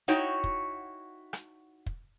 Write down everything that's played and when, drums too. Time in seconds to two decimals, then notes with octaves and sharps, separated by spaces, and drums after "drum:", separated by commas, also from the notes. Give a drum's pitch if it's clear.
0.08 D#4 E4 F#4 C#5 G5
0.44 drum: kick
1.33 drum: rim click
1.86 drum: kick